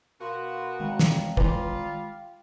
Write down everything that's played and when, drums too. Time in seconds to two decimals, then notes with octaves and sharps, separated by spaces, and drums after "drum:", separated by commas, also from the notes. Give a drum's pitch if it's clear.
0.20 B2 F#4 A#4 F5 C6
0.80 D#3 G#3 F5 G5
0.99 drum: snare
1.37 E3 G3 F4, drum: kick